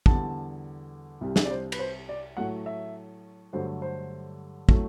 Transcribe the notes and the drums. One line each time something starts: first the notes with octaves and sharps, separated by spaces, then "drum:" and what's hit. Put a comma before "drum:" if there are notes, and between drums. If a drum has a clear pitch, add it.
E2 D3 G3 A5, drum: kick
C2 C3 G3
drum: snare
D5
C5
B4, drum: cymbal
C5
D5
A2 F#3 A3 F#5
E5
G2 D3 F#3 A3 C5
C5
A2 F#3 A3, drum: kick